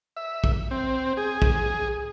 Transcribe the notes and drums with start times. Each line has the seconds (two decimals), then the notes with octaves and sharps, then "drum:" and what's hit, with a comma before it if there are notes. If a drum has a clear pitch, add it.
0.17 E5
0.44 drum: kick
0.71 C4
1.17 G#4
1.42 drum: kick